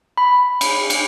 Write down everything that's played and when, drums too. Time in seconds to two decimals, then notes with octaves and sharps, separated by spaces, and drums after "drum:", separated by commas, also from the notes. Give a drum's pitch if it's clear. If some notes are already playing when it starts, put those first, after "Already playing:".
0.18 B5
0.61 drum: cymbal
0.90 drum: cymbal